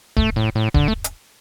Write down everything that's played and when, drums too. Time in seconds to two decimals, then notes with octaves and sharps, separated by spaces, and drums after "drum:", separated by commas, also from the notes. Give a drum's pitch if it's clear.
0.17 A3, drum: kick
0.36 A2
0.55 A2
0.74 D3, drum: kick
0.88 A3
1.04 drum: hi-hat